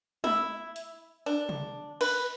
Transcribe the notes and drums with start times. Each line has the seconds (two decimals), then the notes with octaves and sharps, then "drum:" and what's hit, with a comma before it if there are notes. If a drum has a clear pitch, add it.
0.24 E4, drum: tom
0.76 drum: hi-hat
1.26 D4
1.49 drum: tom
2.01 B4, drum: cymbal